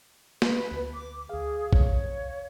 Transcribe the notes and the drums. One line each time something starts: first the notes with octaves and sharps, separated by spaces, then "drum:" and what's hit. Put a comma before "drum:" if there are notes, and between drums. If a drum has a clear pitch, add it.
B4, drum: snare
D2
D6
D2 G#4 F5
C#5, drum: kick